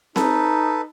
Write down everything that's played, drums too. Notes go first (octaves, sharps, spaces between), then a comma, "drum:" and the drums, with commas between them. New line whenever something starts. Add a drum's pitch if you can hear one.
D#4 A4 B4, drum: snare C4